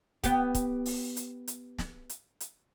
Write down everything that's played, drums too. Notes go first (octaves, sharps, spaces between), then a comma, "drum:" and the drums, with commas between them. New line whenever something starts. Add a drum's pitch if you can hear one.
B3 G4, drum: kick, hi-hat
drum: kick, hi-hat
drum: open hi-hat
drum: hi-hat
drum: hi-hat
drum: snare
drum: hi-hat
drum: hi-hat